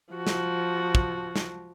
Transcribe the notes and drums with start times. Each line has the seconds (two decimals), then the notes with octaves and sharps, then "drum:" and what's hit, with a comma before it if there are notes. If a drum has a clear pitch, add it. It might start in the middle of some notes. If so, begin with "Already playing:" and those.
0.13 F3 F#4
0.27 drum: snare
0.95 drum: kick
1.36 drum: snare